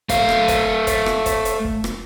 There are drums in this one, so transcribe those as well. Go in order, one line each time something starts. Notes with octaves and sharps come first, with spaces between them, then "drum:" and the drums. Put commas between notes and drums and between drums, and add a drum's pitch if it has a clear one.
A3 F5, drum: kick, hi-hat
drum: rim click
drum: kick, hi-hat
drum: kick, hi-hat
drum: rim click
drum: kick, hi-hat
drum: hi-hat
drum: kick
drum: rim click